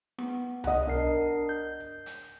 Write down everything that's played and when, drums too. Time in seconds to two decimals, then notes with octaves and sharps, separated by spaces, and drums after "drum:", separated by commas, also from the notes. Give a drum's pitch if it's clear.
0.18 B3, drum: snare
0.64 D#5 F#5, drum: tom C2
0.87 D4 A#4 C7
1.49 G6
2.06 drum: hi-hat